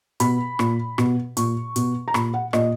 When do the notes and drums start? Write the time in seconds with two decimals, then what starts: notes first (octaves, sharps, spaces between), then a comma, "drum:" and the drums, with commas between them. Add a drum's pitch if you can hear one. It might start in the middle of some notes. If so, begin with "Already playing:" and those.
0.20 B2 B5, drum: hi-hat
0.59 A#2, drum: rim click
0.98 B2, drum: rim click
1.37 A#2 C#6, drum: hi-hat
1.76 B2, drum: hi-hat
2.08 A#5
2.14 A#2 B5, drum: rim click
2.34 F#5
2.53 A#2 D#5, drum: rim click